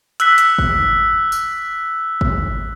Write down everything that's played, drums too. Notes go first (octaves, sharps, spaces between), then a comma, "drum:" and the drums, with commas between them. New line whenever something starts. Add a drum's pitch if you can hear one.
E6 F#6 B6, drum: hi-hat
drum: hi-hat
drum: kick
drum: tambourine
drum: kick